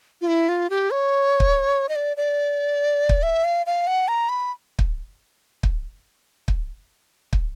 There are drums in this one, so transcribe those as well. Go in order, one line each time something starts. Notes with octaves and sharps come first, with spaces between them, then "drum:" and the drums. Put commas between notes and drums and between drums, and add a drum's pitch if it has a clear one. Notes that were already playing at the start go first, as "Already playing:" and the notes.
F4
E4
F4
G4
C#5
drum: kick
D#5
D5
D5
drum: kick
E5
F5
F5
F#5
A#5
B5
drum: kick
drum: kick
drum: kick
drum: kick